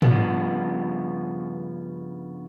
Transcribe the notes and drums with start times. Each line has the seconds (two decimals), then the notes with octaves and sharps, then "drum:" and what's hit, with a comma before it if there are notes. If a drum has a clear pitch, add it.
0.02 G2 C#3 F3 B3, drum: tom